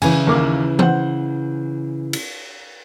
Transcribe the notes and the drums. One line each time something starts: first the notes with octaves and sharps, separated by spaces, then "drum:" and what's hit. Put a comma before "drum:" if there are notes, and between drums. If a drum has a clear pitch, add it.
C#3 E3 G#5, drum: cymbal
D#2 A#3 D6
C5 F#5, drum: tom E3
drum: cymbal